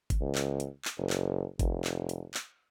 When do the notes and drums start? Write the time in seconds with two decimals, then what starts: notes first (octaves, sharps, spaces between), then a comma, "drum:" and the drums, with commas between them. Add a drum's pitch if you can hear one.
0.10 drum: kick G1, hi-hat
0.21 C#2
0.35 drum: clap
0.60 drum: hi-hat
0.85 drum: clap
0.98 F#1
1.10 drum: clap
1.59 F1, drum: kick G1, hi-hat
1.84 drum: clap
2.09 drum: hi-hat
2.34 drum: clap